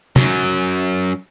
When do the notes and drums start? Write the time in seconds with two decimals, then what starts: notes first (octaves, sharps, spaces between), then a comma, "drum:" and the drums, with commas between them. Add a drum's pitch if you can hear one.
0.16 F#2 F#3, drum: tom